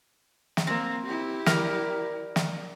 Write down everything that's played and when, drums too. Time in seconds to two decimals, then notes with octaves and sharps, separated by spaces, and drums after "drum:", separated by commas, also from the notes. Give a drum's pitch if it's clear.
0.57 drum: snare
0.67 A#3 C4
1.06 E4 G4
1.46 A#4 D5, drum: snare
2.36 drum: snare